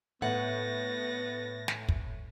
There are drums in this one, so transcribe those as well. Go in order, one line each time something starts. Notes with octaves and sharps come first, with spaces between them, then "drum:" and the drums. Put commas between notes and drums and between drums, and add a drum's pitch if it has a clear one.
A2 B3 F#5 A6 A#6
drum: snare
drum: kick